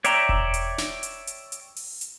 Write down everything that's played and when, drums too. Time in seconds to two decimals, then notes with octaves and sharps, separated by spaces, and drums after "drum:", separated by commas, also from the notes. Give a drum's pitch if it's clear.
0.04 C#5 D5 E5 G5 A#5, drum: hi-hat
0.29 drum: kick E1
0.54 drum: hi-hat
0.78 drum: snare
1.03 drum: hi-hat
1.27 drum: hi-hat
1.52 drum: hi-hat
1.76 drum: open hi-hat
2.01 drum: hi-hat